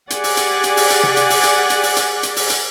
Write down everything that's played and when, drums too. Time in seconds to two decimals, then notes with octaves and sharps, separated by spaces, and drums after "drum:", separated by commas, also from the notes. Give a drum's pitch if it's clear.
0.10 G4 G#4 D5 F#5 G#5, drum: hi-hat
0.24 drum: open hi-hat
0.37 drum: hi-hat
0.64 drum: hi-hat
0.77 drum: open hi-hat
0.90 drum: hi-hat
1.03 drum: tom C3
1.17 drum: hi-hat
1.30 drum: open hi-hat
1.43 drum: hi-hat
1.70 drum: hi-hat
1.83 drum: open hi-hat
1.96 drum: hi-hat
2.23 drum: hi-hat
2.36 drum: open hi-hat
2.50 drum: hi-hat